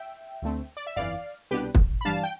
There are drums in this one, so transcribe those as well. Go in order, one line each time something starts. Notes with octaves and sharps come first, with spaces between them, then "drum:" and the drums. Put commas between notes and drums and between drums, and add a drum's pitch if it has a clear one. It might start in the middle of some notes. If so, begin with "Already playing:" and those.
Already playing: E5 G5
D2 D3 A3 C4
D5
E5
G1 F2 E3 D5 F5
C2 B2 B3 D4 G4 B4
drum: kick
B5
G2 E3 G3 D4 F5 A5
G5